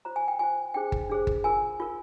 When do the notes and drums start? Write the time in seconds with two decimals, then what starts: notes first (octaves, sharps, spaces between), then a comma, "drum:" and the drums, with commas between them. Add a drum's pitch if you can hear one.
0.05 F4 C5 A#5
0.16 G#5
0.28 G5
0.39 F4 C5 G#5
0.74 D4 G#4 C5 G5
0.92 drum: kick G1
1.10 D4 G#4 C5
1.27 drum: kick G1
1.44 F4 A#4 G#5
1.80 F4 A#4